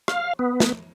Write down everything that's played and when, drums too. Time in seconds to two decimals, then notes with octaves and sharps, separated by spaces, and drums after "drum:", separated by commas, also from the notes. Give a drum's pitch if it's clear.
0.08 F5, drum: rim click
0.39 B3
0.60 drum: snare